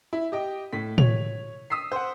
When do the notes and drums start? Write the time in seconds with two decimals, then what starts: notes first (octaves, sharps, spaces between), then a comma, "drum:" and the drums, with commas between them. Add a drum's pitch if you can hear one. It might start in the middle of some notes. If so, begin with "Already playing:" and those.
0.13 E4
0.32 G4 D#5 G5
0.73 A2 B6
0.98 C#5 F7, drum: tom
1.70 D#6 E6 B6 C7
1.92 C5 F#5